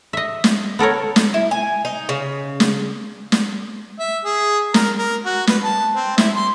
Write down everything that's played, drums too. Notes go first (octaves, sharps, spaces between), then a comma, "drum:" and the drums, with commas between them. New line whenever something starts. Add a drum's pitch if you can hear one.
D#5 E5
drum: snare
B3 A4 A#4 C#5
drum: snare
E4
G#5
D#4
C#3
drum: snare
drum: snare
E5
G#4
A#4, drum: snare
A#4
F#4
B4, drum: snare
A5
C4
E4, drum: snare
C6